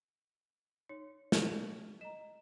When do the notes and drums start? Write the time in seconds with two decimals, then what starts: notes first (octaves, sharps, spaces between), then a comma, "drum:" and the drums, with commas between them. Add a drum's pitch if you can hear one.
0.89 D#4 C#5
1.32 drum: snare
2.01 D#5 A#5 E7